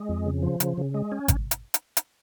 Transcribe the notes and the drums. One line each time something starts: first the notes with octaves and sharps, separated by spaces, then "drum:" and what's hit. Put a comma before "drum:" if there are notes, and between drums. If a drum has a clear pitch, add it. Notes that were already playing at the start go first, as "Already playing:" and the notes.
Already playing: G#3
F2
C#3
F3
C#3, drum: hi-hat
C#3
G#3
C#4
drum: kick G#1, hi-hat
drum: hi-hat
drum: hi-hat
drum: hi-hat